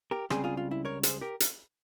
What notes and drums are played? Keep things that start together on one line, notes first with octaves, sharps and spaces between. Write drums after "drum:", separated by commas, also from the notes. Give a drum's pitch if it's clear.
G4 A#4
C#2 C#3 G3 C4 G#4 C5, drum: rim click
F4 G#4
F4
E4
A#4 C#5
G#4 C5, drum: hi-hat
G4 A#4
drum: hi-hat